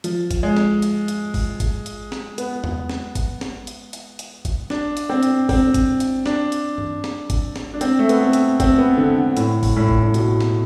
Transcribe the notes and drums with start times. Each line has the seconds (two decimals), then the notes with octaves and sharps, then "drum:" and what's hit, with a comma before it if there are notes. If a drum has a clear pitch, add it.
0.04 F3, drum: hi-hat
0.31 drum: kick G#1, hi-hat
0.43 G#3
0.56 drum: snare
0.82 drum: hi-hat
1.08 drum: hi-hat
1.34 drum: kick G#1, open hi-hat
1.60 drum: kick G#1, hi-hat
1.86 drum: hi-hat
2.12 drum: snare
2.38 B3, drum: hi-hat
2.64 drum: tom E2
2.90 drum: snare
3.15 drum: kick G#1, hi-hat
3.41 drum: snare
3.67 drum: hi-hat
3.93 drum: hi-hat
4.19 drum: hi-hat
4.45 drum: kick G#1, hi-hat
4.70 D4, drum: snare
4.97 drum: hi-hat
5.09 C4
5.23 drum: hi-hat
5.49 C4, drum: kick G#1, open hi-hat
5.74 drum: kick G#1, hi-hat
6.00 drum: hi-hat
6.26 D4, drum: snare
6.52 drum: hi-hat
6.78 drum: tom G2
7.04 drum: snare
7.30 drum: kick G#1, hi-hat
7.56 drum: snare
7.74 D4
7.81 C4, drum: hi-hat
7.99 A3
8.09 B3, drum: hi-hat
8.21 C4
8.33 drum: hi-hat
8.60 C4, drum: kick G#1, hi-hat
8.78 B3
8.97 D3
9.18 D3
9.37 A2, drum: hi-hat
9.63 drum: kick G#1, open hi-hat
9.76 A2
9.89 drum: kick G#1
10.03 A2
10.14 B2, drum: hi-hat
10.40 drum: snare